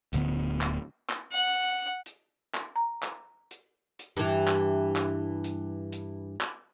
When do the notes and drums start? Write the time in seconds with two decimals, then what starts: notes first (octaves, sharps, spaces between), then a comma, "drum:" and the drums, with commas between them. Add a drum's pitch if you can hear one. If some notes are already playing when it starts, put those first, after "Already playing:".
0.13 D1 D2 D3 B3, drum: hi-hat
0.61 drum: clap
1.09 drum: clap
1.32 F#5
2.06 drum: hi-hat
2.54 drum: clap
2.76 A#5
3.03 drum: clap
3.51 drum: hi-hat
3.99 drum: hi-hat
4.17 G2 E3
4.48 drum: clap
4.96 drum: clap
5.44 drum: hi-hat
5.92 drum: hi-hat
6.41 drum: clap